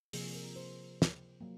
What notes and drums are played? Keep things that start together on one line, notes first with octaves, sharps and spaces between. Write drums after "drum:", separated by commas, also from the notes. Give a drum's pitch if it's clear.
C3 F3 A#3 G#4, drum: open hi-hat
A#4
C5
drum: snare
F#3 A#3